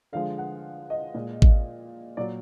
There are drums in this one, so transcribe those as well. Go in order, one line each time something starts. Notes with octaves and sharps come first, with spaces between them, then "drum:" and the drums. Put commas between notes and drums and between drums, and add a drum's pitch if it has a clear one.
D3 F3 G#3 F5
F#5
D#5
A#2 G#3
drum: kick G#1
A#2 F#3 D5